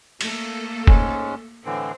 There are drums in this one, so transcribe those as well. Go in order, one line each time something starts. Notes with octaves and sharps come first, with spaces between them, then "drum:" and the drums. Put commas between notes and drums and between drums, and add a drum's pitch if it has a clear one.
A3 A#3 A4, drum: cymbal
G#2 G#3 C#4, drum: kick E1
A2 D3 E3 C4